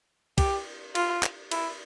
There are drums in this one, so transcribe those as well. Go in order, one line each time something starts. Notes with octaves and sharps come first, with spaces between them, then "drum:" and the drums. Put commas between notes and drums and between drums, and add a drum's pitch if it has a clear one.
G4, drum: kick, cymbal
F4, drum: cymbal
drum: clap
E4, drum: cymbal